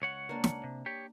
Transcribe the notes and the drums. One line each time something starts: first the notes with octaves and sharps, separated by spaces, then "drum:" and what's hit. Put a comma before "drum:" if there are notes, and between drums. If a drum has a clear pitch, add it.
C#2 C#5 F#5
A#3 D4
drum: snare
C3
G4 C#5